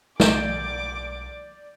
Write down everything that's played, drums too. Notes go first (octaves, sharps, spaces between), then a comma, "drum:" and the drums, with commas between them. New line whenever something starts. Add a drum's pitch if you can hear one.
B1 D5 D6 G6, drum: snare